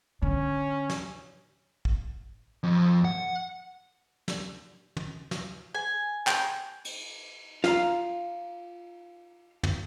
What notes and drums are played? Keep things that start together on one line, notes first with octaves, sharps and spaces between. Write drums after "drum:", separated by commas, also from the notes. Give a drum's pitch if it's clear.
D3 C#4
drum: snare
drum: kick
F2
F#5
drum: snare
drum: tom
drum: snare
G#5
G5, drum: clap
drum: cymbal
F4 F5 A#5, drum: snare
drum: tom